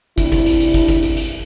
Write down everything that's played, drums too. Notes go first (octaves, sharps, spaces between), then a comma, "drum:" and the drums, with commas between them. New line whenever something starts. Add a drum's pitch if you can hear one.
C3 D4 E4, drum: kick, hi-hat
drum: kick, hi-hat
drum: hi-hat
drum: hi-hat
drum: kick, hi-hat
drum: kick, hi-hat
drum: hi-hat
drum: hi-hat